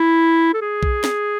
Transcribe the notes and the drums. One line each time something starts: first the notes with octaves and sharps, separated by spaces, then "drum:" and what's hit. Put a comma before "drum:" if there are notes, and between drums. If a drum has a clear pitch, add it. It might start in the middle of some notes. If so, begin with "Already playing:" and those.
Already playing: E4
A4
G#4
drum: kick B1
drum: snare